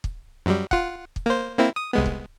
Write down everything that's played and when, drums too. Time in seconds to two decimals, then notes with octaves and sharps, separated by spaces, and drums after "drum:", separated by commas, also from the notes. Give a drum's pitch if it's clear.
0.04 drum: kick
0.46 F#2 F#3 G3
0.71 F4 F#5, drum: kick
1.16 drum: kick
1.26 A#3 C5
1.58 A#3 C4 E4
1.76 D#6
1.93 C2 G#3 B3
2.06 drum: kick